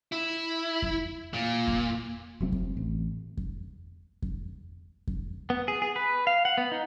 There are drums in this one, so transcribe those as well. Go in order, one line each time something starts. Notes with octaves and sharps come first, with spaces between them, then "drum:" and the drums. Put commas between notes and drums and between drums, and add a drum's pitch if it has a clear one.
E4
drum: kick F2
A#2
drum: kick F2
F1 F#3 C4
drum: kick F2
A1
drum: kick F2
drum: kick F2
drum: kick F2
B3
G#4
G#4
B4
F5
F#5
B3
D#4